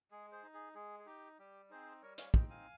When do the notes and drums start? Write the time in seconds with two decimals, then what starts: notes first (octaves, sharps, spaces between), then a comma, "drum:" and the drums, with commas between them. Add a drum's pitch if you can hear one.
0.11 G#3 G#4
0.32 G#4 C5
0.43 D#4
0.54 G#4
0.75 G#3 G#4
1.00 G#4
1.06 D#4 G4
1.39 G3 G4
1.70 C4 D#4 G#4 C5
2.02 G3 A#4 C#5
2.18 C#5 F5, drum: hi-hat
2.34 C4 D#4 D#5 G5, drum: kick
2.50 F5 G#5